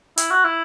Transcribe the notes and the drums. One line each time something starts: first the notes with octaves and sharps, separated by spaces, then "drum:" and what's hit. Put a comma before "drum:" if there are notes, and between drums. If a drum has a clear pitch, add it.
E4, drum: hi-hat
F#4
E4